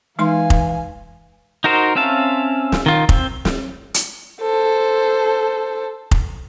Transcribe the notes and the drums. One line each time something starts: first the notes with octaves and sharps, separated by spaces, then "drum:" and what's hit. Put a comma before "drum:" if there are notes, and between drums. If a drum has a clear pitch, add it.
E3 G#3 D#4 F5 G#5 C6
drum: kick F1
D#4 F#4 A#4 C5
C4 C#4 E5 F5 A5
drum: snare
D#3 F4
C4, drum: kick F1
drum: snare
drum: hi-hat
A4 C5
drum: kick F1